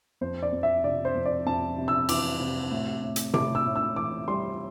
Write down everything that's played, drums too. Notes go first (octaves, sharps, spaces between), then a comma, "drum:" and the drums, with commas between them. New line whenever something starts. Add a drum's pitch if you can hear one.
F2 C5
D5
F2
E5
C3 D5
C5
F2
D5
F2 A5
C3
E6
E3 D6, drum: cymbal
C3
A2
A2
drum: hi-hat
A2 D6, drum: tom C3
E6
A2
E6
E3 D6
G3 C6